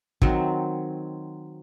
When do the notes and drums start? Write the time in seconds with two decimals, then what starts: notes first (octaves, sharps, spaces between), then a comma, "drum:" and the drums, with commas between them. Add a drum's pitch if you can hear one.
0.22 D#3 F#3 C4, drum: kick